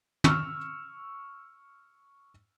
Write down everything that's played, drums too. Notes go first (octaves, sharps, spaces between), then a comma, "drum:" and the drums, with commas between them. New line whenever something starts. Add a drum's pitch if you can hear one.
C#6 E6 F6, drum: tom